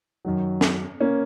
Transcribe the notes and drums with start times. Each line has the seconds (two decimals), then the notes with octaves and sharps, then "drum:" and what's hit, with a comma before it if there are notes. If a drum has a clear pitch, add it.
0.25 F#2 D#3 F#3
0.61 drum: snare
1.00 A#3 C#4